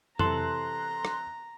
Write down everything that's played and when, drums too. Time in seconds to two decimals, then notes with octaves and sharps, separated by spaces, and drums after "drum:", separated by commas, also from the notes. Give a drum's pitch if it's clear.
0.19 C3 E3 A4 A#5 C6 F#6, drum: tom F2
1.05 drum: rim click